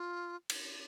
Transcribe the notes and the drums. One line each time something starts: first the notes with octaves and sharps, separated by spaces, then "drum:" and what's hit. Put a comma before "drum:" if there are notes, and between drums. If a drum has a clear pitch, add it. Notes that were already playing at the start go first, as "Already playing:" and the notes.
Already playing: F4
drum: cymbal